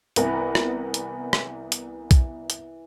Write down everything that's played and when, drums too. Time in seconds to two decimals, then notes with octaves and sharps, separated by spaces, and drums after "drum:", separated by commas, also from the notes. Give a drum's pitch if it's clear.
0.16 C2 E3 B3 A#4, drum: hi-hat
0.55 drum: rim click
0.94 drum: hi-hat
1.33 drum: rim click
1.72 drum: hi-hat
2.11 drum: kick, hi-hat
2.50 drum: hi-hat